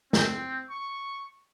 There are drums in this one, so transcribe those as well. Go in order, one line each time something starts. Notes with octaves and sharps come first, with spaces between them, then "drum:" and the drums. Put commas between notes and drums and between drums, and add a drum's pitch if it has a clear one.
C4, drum: snare
C#6